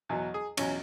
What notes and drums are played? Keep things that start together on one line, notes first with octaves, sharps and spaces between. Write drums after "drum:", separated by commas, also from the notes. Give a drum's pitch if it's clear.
E2 B2 F#3
G#4
E2 B2 F#3 C#4, drum: cymbal